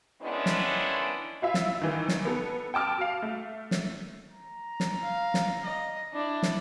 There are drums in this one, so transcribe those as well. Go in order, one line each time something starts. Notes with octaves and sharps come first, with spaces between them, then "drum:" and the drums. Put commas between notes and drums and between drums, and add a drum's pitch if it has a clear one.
D#3 G#3 B3 C#4 D4 E4
drum: snare
E4 F4 E5
drum: snare
D#3 E3
drum: snare
B3 A4
G5 A5 D6 F6
F#4 F5
A3
drum: snare
A#5
drum: snare
F5
drum: snare
D#5
D4 E4
drum: snare